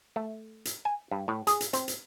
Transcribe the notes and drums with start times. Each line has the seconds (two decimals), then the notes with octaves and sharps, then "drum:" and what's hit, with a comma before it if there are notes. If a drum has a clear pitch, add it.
0.16 A3
0.65 drum: hi-hat
0.85 G#5
1.11 G2
1.28 A2
1.47 G#4, drum: hi-hat
1.61 drum: hi-hat
1.73 C4, drum: hi-hat
1.88 drum: hi-hat